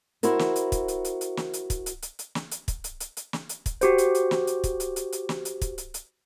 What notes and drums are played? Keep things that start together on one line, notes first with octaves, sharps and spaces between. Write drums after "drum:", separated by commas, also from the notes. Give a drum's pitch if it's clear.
E4 F#4 A#4 C5, drum: hi-hat
drum: snare
drum: hi-hat
drum: kick, hi-hat
drum: hi-hat
drum: hi-hat
drum: hi-hat
drum: snare
drum: hi-hat
drum: kick, hi-hat
drum: hi-hat
drum: hi-hat
drum: hi-hat
drum: snare
drum: hi-hat
drum: kick, hi-hat
drum: hi-hat
drum: hi-hat
drum: hi-hat
drum: snare
drum: hi-hat
drum: kick, hi-hat
F#4 G4 C5, drum: hi-hat
drum: hi-hat
drum: hi-hat
drum: snare
drum: hi-hat
drum: kick, hi-hat
drum: hi-hat
drum: hi-hat
drum: hi-hat
drum: snare
drum: hi-hat
drum: kick, hi-hat
drum: hi-hat
drum: hi-hat